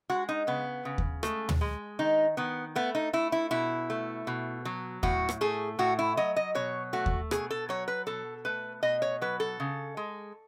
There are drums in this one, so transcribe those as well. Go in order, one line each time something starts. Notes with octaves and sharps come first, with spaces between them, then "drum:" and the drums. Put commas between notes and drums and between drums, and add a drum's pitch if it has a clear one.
G#3 F#4
D#4
C#3 B3
C#3
drum: kick D#2
G#3 A3, drum: rim click
drum: tom
G#3
D#3 D#4
D#3 B3
A3 B3
D#4
A3 E4
E4
B2 E4
A3
B2
F#3
A2 F#4, drum: kick D#2
drum: rim click
A3 G#4
A2 F#4
E4
F#3 D#5
D#5
B2 C#5
A3 F#4
drum: kick D#2
B2 G#4, drum: rim click
A4
F#3 C#5
B4
B2 A4
A3 B4
B2 D#5
C#5
F#3 B4
A4
C#3
G#3